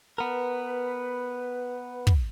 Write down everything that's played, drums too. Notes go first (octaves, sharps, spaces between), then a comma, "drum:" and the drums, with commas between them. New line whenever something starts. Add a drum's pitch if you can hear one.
B3 A#4 B4
drum: kick